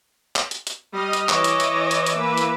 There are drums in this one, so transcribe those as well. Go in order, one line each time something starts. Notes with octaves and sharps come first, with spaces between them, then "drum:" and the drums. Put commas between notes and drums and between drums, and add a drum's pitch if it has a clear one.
drum: clap
drum: hi-hat
drum: hi-hat
G3 D#5 D#6 F6
drum: hi-hat
E3 C#5 D#5 D6 E6, drum: clap
drum: hi-hat
drum: hi-hat
drum: hi-hat
drum: hi-hat
A#3 B4
drum: hi-hat